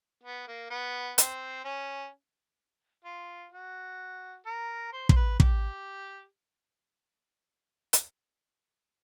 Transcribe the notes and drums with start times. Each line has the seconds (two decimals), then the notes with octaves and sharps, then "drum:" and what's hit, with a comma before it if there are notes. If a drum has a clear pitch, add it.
0.23 B3
0.47 A#3
0.70 B3
1.18 C4, drum: hi-hat
1.65 C#4
3.05 F4
3.52 F#4
4.46 A#4
4.93 C5
5.09 C5, drum: kick
5.16 B4
5.40 G4, drum: kick
7.93 drum: hi-hat